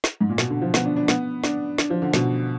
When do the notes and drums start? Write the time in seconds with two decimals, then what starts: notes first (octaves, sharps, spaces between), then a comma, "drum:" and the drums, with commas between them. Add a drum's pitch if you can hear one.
0.04 drum: snare
0.21 G#2
0.29 A#2
0.38 B2, drum: snare
0.50 D3
0.61 F3
0.74 B3, drum: snare
0.85 D4
0.96 D4
1.08 B3, drum: snare
1.44 D4, drum: snare
1.78 D4, drum: snare
1.90 F3
2.02 D3
2.14 B2, drum: snare